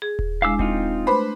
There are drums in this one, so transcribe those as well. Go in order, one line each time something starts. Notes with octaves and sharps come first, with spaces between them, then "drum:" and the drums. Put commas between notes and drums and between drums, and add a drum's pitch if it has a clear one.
G#4
drum: kick D#1
G#3 D4 E4 F5 E6
C4 D#4 F4, drum: kick D#1
A3 D4 B4 C5 B5